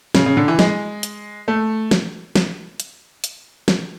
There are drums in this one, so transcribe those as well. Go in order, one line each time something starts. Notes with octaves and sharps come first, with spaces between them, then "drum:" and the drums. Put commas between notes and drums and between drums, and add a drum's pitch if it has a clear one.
C#3, drum: snare
C#3
D3
E3
G#3, drum: snare
drum: hi-hat
A3
drum: snare
drum: snare
drum: hi-hat
drum: hi-hat
drum: snare